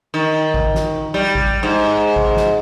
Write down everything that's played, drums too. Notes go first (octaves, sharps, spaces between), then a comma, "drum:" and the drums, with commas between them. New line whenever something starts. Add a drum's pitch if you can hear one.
D#3
drum: kick A1
drum: snare
G3
drum: kick A1
G#2
drum: kick A1
drum: snare